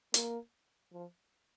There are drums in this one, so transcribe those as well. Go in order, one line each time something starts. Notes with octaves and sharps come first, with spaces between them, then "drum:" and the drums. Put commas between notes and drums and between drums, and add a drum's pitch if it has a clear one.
A#3, drum: hi-hat
F3